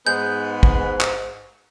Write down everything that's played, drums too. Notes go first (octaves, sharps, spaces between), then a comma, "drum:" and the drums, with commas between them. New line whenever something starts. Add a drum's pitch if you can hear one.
G#2 G#3 B3 G6
drum: kick
drum: clap